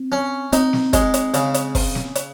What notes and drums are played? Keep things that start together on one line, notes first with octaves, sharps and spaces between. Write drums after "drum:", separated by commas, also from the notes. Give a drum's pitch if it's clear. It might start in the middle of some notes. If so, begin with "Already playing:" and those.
Already playing: C4
C#4
C4 D#4, drum: hi-hat
drum: snare
G#3, drum: kick, hi-hat
drum: hi-hat
C#3, drum: hi-hat
drum: hi-hat
drum: kick, open hi-hat
drum: snare
drum: hi-hat